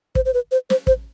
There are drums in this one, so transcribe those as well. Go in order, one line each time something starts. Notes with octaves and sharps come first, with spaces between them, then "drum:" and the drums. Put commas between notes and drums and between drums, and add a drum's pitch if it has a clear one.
C5, drum: kick
C5
B4
C5
C5, drum: snare
C5, drum: kick